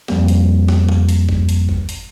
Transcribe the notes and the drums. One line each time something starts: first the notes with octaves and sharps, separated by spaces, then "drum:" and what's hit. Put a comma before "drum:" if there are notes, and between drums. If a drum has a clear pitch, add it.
F2 G3 A#3, drum: snare
drum: hi-hat
drum: snare
drum: tom
drum: hi-hat
drum: kick
drum: hi-hat
drum: kick
drum: hi-hat